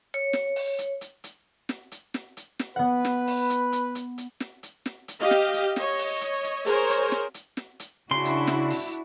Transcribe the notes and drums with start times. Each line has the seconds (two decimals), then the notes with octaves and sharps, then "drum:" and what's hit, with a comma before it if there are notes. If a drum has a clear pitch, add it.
0.14 C#5
0.33 drum: snare
0.56 drum: open hi-hat
0.78 drum: hi-hat
1.01 drum: hi-hat
1.24 drum: hi-hat
1.69 drum: snare
1.92 drum: hi-hat
2.14 drum: snare
2.37 drum: hi-hat
2.59 drum: snare
2.76 B3 B4 F#5
3.05 drum: snare
3.27 drum: open hi-hat
3.50 drum: hi-hat
3.72 drum: hi-hat
3.95 drum: hi-hat
4.18 drum: hi-hat
4.40 drum: snare
4.63 drum: hi-hat
4.86 drum: snare
5.08 drum: hi-hat
5.21 G4 D#5 F5
5.31 drum: snare
5.53 drum: hi-hat
5.76 C#5 D#5, drum: snare
5.99 drum: open hi-hat
6.21 drum: hi-hat
6.44 drum: hi-hat
6.66 G#4 A#4 C5 C#5, drum: hi-hat
6.89 drum: hi-hat
7.12 drum: snare
7.34 drum: hi-hat
7.57 drum: snare
7.80 drum: hi-hat
8.11 C#3 D4 E4 F#4 C6
8.25 drum: hi-hat
8.47 drum: snare
8.70 drum: open hi-hat